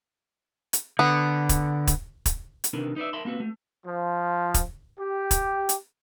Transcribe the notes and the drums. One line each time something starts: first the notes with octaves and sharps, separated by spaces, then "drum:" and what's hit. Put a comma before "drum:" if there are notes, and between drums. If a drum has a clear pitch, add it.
drum: hi-hat
D3 B3
drum: kick, hi-hat
drum: kick, hi-hat
drum: kick, hi-hat
drum: hi-hat
C3 D#3 D4 D#4 A#4 B4
D#4 B4 D5 E5
A#4 E5 A5 B5 C6
A#3 C4 F#4 B4
A3
F3
drum: kick, hi-hat
G4
drum: kick, hi-hat
drum: hi-hat